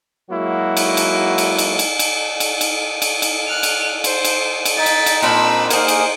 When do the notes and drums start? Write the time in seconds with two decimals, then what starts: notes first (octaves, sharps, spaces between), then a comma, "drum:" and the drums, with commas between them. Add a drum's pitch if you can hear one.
0.31 F#3 G#3 A#3 E4 F#4
0.77 drum: cymbal
0.97 drum: cymbal
1.38 drum: cymbal
1.58 drum: cymbal
1.79 drum: cymbal
1.99 drum: cymbal
2.40 drum: cymbal
2.61 drum: cymbal
3.02 drum: cymbal
3.22 drum: cymbal
3.48 F6 F#6
3.63 drum: cymbal
4.04 C5, drum: cymbal
4.25 drum: cymbal
4.65 drum: cymbal
4.77 D#4 A6 B6
4.86 drum: cymbal
5.06 drum: cymbal
5.22 A#2 C4 D4 B5 E6
5.70 A#3 G#4 C5 F#5, drum: cymbal
5.88 drum: cymbal